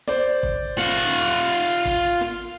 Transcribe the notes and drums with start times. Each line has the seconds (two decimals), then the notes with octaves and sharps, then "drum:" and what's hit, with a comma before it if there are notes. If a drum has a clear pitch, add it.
0.08 C5 D5, drum: snare
0.43 drum: kick
0.78 F4 F#5, drum: snare
1.86 drum: kick
2.21 drum: snare